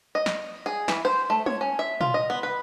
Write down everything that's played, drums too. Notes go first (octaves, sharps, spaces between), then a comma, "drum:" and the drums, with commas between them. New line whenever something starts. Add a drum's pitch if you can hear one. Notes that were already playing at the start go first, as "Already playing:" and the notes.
D#5
drum: snare
G#4
E3, drum: snare
C5
A3
C#5, drum: tom
C#4
E5
F4, drum: tom
D#5
B3
B4